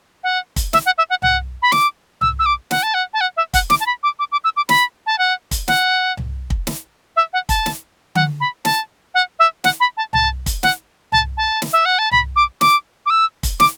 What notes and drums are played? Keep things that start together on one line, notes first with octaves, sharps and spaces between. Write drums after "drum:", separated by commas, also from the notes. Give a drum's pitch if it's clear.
F#5
drum: kick, hi-hat
E5, drum: snare
F#5
E5
F#5
F#5, drum: tom C2
B5
D6, drum: snare
E6, drum: tom C2
E6
D6
F#5, drum: snare
A5
F#5
A5
F#5
E5
F#5, drum: kick, hi-hat
D6, drum: snare
A5
B5
D6
D6
D6
E6
D6
B5, drum: snare
A5
F#5
drum: kick, hi-hat
F#5, drum: snare
drum: tom C2
drum: kick
drum: snare
E5
F#5
A5, drum: kick, hi-hat
drum: snare
F#5, drum: tom D3
B5
A5, drum: snare
F#5
E5
F#5, drum: snare
B5
A5
A5, drum: tom C2
drum: kick, hi-hat
F#5, drum: snare
A5, drum: tom C2
A5
drum: snare
E5
F#5
A5
B5, drum: tom C2
D6
D6, drum: snare
D6
E6
drum: kick, hi-hat
D6, drum: snare